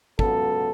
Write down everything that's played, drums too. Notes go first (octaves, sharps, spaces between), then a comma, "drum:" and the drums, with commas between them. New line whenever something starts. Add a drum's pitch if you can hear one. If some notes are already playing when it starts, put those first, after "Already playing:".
C#2 C#3 F#3 B3 A4, drum: kick